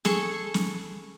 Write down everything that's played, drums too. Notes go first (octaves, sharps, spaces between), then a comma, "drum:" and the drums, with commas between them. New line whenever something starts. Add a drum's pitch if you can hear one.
G#4 A4 C#6, drum: snare
drum: snare